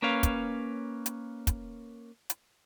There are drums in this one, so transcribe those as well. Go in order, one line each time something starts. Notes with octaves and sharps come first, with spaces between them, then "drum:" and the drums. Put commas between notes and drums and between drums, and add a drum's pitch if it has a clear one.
A#3 C#4 B4 C#5 F5
drum: kick, hi-hat
drum: hi-hat
drum: kick, hi-hat
drum: hi-hat